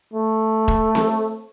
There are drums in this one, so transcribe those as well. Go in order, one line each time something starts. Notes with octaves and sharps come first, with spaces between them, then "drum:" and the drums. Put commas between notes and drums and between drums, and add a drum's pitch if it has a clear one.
A3
drum: kick E1
drum: snare C4